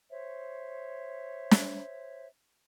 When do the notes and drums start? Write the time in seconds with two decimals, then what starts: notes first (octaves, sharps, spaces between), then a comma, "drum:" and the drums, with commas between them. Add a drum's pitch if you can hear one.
0.10 C5 C#5 E5
1.51 drum: snare